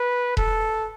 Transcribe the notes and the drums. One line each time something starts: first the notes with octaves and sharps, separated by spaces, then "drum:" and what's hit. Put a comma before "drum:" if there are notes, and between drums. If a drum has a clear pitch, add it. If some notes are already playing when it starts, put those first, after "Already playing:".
Already playing: B4
A4, drum: kick E1